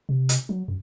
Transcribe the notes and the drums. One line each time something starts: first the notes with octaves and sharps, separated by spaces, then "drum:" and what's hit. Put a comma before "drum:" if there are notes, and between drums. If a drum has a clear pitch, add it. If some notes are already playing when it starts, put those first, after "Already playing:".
C3
drum: hi-hat
F#3
F#2